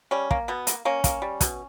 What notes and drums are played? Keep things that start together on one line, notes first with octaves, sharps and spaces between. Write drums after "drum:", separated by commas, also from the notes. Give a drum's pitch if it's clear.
G3 C#4
A#3, drum: kick
B2 B3
A#3, drum: hi-hat
A#3 C#4
A#3, drum: kick, hi-hat
G3
B2, drum: kick, hi-hat